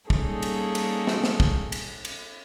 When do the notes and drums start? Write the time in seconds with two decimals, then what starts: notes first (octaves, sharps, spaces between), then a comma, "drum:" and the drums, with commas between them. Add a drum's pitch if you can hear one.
0.10 G3 A#3 C#4 D#4 G#4 A4, drum: kick
0.43 drum: cymbal
0.75 drum: cymbal
1.07 drum: snare
1.24 drum: snare
1.40 drum: kick
1.72 drum: cymbal
2.05 drum: cymbal